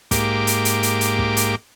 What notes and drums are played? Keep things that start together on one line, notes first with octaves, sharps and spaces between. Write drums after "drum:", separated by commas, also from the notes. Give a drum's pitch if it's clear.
G#2 A#3 G4 D6, drum: kick, hi-hat
drum: hi-hat
drum: hi-hat
drum: hi-hat
drum: hi-hat
drum: kick
drum: hi-hat